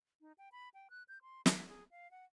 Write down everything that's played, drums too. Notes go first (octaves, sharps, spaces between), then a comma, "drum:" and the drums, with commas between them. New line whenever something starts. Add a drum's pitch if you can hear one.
D#4
G5
B5
G5
F#6
G6
C6
E4, drum: snare
G#4
F5
F#5